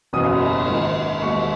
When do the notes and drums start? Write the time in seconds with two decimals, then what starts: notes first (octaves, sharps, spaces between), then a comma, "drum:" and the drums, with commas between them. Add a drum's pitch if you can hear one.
0.13 F#1 E2 B2 F#3 C#4 D#6
0.24 drum: cymbal
0.68 A#1 G#2 D#3
1.22 E1 D#2 D#3 G#3 C#6